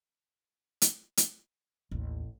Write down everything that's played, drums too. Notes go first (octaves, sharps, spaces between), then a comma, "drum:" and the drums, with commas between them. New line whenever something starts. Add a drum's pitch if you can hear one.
drum: hi-hat
drum: hi-hat
A1 D#2